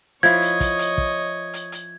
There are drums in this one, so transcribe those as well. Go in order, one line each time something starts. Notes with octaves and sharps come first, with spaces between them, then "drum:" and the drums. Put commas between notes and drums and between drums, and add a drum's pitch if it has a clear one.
F3 E4 C#5 D#5 G#6
drum: hi-hat
drum: kick, hi-hat
drum: hi-hat
drum: kick
drum: hi-hat
drum: hi-hat